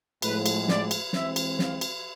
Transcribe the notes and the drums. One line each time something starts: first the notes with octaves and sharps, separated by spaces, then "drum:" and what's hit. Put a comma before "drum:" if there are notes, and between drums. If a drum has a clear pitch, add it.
A2 F3 G#3 B4, drum: cymbal
drum: cymbal
D5, drum: snare
drum: cymbal
E3 G#3 C4 E5, drum: snare
drum: cymbal
F5, drum: snare
drum: cymbal